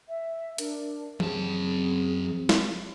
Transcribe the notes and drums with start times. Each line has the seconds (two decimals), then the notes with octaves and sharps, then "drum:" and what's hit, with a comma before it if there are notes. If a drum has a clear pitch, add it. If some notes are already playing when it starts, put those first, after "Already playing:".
0.09 E5
0.58 D4 A#4, drum: hi-hat
1.20 F#2 C4 G#4 A5, drum: tom E3
2.49 drum: snare